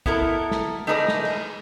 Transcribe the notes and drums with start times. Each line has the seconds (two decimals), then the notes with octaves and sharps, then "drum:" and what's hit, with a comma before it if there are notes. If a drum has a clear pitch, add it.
0.06 B3 E4 A4 A#4, drum: kick
0.51 drum: snare
0.87 A3 D#4 G#4 A#4 B4 D5
1.08 drum: snare
1.25 drum: cymbal